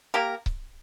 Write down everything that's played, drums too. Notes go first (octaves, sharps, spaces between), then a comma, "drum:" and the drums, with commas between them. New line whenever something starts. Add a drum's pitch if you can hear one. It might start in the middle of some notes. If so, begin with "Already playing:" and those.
A#3 G4 A#4
drum: kick C#1